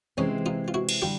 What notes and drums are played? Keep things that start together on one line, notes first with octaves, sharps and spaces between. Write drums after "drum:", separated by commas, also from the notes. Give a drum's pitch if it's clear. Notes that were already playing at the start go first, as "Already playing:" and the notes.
C3 E3 G#3 C4 C#4 D#4
D#4 F4
F4
E4 F#4
drum: cymbal
D3 G3 F4 G4